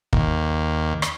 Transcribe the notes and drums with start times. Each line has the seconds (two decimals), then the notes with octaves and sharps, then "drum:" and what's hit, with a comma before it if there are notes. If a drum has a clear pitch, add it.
0.13 D#2, drum: kick
1.02 drum: rim click